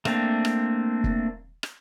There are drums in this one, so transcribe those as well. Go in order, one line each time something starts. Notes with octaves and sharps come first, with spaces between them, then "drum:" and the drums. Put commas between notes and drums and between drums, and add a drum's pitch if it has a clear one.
A3 A#3 C4 D4, drum: rim click
drum: rim click
drum: kick
drum: rim click